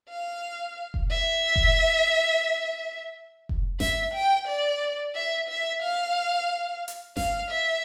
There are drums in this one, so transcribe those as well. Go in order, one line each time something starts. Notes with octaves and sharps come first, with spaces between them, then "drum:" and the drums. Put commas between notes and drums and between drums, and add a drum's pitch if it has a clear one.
F5
drum: kick F1
E5
drum: kick F1
drum: kick F1
E5, drum: snare G1
G5
D5
E5
E5
F5
drum: hi-hat
F5, drum: snare G1
E5